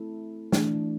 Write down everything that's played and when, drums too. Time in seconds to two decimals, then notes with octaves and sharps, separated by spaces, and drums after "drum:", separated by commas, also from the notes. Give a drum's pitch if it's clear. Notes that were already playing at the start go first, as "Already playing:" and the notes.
Already playing: A3 C4 E4 A4
0.52 E3 A3 D4, drum: snare